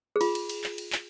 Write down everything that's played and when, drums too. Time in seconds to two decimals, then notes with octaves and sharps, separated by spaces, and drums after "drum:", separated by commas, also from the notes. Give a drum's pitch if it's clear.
0.16 G#4
0.21 F4, drum: cymbal
0.35 drum: cymbal
0.49 drum: cymbal
0.64 drum: clap
0.78 drum: cymbal
0.92 drum: clap